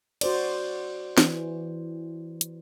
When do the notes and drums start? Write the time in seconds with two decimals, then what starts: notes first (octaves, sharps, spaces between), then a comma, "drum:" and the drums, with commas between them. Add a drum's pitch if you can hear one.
0.21 F#4 C5 D5, drum: cymbal
1.18 E3, drum: snare
2.41 drum: hi-hat